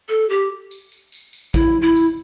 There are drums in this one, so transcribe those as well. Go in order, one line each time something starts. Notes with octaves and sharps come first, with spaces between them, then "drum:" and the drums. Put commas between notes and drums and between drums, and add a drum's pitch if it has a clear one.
A4
G4
drum: tambourine
drum: tambourine
drum: tambourine
drum: tambourine
E4, drum: kick, tambourine
E4
drum: tambourine